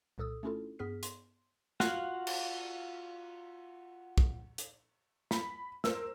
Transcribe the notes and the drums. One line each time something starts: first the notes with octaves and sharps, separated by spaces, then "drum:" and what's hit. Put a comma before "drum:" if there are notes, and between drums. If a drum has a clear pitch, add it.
C2 A#2 A4 D#6 E6
A3 C#4 D4 E4 F4 A4
G2 B3 G#4 F6 B6
C6, drum: hi-hat
F4 F#4 F5 F#5, drum: snare
drum: cymbal
drum: kick
drum: hi-hat
B5, drum: snare
A#4 C5 E6, drum: snare